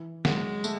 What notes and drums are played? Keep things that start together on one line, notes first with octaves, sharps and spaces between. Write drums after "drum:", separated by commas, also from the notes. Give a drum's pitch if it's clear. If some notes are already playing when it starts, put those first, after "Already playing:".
Already playing: E3
F#3 G#3, drum: snare
F#3
A3, drum: tambourine